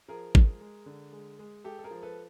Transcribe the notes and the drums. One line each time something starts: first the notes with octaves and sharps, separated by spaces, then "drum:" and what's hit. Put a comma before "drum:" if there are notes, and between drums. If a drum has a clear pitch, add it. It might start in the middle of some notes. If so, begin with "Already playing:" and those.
F3 G#4 A#4
G#3, drum: kick
G#3
D3
G#3
G#3
G#3 G4 A4
A4
G#4 A#4
F3
A4 B4